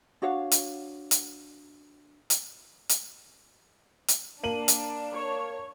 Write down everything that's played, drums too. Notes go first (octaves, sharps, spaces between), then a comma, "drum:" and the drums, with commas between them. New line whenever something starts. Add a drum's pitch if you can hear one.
D4 F#4 C#5 F5
drum: hi-hat
drum: hi-hat
drum: hi-hat
drum: hi-hat
drum: hi-hat
A#3 D4 D#7 F#7
drum: hi-hat
C#5